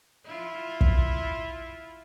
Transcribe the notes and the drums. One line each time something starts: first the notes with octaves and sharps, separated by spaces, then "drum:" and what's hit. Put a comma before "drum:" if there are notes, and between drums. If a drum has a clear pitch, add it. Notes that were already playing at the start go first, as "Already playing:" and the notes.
E4 F4
drum: kick